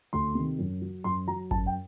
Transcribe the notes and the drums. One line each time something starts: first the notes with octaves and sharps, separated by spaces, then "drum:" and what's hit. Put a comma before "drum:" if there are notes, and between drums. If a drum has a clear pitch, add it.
D2 C6
C3 D#3
F#2
F#3
F#2 C6
F#3 A#5
F#2 A5, drum: kick G#1
G5